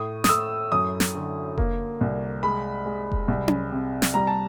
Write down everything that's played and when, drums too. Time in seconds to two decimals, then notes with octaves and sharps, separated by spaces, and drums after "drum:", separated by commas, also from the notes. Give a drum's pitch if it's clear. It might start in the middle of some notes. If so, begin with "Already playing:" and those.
Already playing: A2 D#6
0.24 D#6, drum: snare
0.29 A3 E6
0.72 F#2 D#6
1.00 drum: snare
1.15 D3
1.58 A#3, drum: kick F1
2.01 C2
2.43 G#3 B5
2.86 G#3
3.12 drum: kick F1
3.28 C2
3.48 drum: tom C#4
3.72 C3
4.02 drum: snare
4.14 G3 A#5
4.27 A5